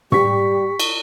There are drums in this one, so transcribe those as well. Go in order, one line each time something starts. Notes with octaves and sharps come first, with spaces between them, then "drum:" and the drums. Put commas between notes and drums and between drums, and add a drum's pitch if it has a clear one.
G3 G4 C#6 B6, drum: tom
drum: cymbal